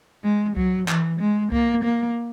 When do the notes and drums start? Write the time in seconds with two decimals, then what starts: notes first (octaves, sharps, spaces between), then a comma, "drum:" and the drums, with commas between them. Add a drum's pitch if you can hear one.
0.24 G#3
0.57 F#3, drum: kick C2
0.88 E3, drum: clap
1.20 G#3
1.52 A#3, drum: kick C2
1.84 A#3